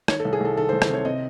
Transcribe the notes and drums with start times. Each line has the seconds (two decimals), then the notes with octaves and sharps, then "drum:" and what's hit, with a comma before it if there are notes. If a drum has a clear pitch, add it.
0.08 D#3 C#5, drum: rim click
0.20 A4
0.25 C2
0.33 G#4
0.40 C2 A4
0.57 D#3 A4
0.69 C5
0.72 C2
0.82 C5, drum: rim click
0.89 C3 C#5
1.05 C4 D#5